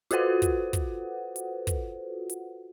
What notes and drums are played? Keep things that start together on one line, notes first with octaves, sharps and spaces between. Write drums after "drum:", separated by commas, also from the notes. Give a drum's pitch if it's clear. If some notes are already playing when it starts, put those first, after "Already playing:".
F4 F#4 A4 B4 C5 F#5, drum: hi-hat
drum: kick, hi-hat
drum: kick, hi-hat
drum: hi-hat
drum: kick, hi-hat
drum: hi-hat